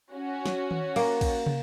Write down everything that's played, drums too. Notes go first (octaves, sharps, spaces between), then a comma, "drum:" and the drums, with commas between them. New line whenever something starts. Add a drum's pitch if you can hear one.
C#4 F#4
drum: snare
drum: tom D#3
A#3, drum: cymbal
drum: kick, cymbal
drum: tom